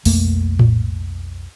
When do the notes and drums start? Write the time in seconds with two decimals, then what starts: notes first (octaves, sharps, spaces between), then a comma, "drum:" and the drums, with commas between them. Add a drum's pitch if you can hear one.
0.05 B1 F2 A3 A#3, drum: open hi-hat
0.59 drum: tom A2